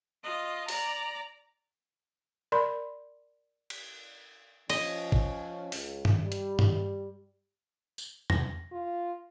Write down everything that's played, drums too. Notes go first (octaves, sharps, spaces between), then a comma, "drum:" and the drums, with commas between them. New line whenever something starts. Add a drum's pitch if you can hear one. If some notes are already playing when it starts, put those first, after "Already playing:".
F4 D#5
D5 A#5, drum: open hi-hat
A#4 D5 B5 C6
drum: cymbal
F3 C#4 D#5, drum: cymbal
drum: kick
C#2, drum: open hi-hat
drum: tom G2
G3
drum: hi-hat
drum: tom G2
drum: tambourine
A#6, drum: tom E2
F4